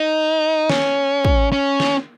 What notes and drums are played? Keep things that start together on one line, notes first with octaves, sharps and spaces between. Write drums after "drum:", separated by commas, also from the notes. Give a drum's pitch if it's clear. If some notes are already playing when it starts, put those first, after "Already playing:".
Already playing: D#4
C#4, drum: snare
drum: kick
C#4
drum: snare